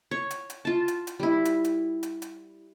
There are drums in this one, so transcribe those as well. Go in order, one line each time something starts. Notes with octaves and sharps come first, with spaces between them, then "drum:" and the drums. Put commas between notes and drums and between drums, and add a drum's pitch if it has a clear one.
C#5
drum: hi-hat
drum: hi-hat
F4 A5
drum: hi-hat
drum: hi-hat
G3 E4
drum: hi-hat
drum: hi-hat
drum: hi-hat
drum: hi-hat